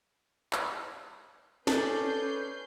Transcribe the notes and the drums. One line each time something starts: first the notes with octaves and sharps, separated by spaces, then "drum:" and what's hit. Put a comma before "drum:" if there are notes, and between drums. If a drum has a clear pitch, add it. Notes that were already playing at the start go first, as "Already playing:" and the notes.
drum: clap
C#4 A4 B4 D5 G6 C7, drum: snare